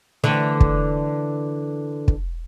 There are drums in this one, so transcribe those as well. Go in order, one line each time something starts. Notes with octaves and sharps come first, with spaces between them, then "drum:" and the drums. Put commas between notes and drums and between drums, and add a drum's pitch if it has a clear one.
D3 E3 A3
drum: kick
drum: kick